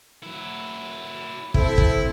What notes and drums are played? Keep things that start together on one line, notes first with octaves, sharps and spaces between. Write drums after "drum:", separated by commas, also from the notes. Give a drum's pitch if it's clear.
F#3 E4
C4 E4 A4, drum: kick
drum: kick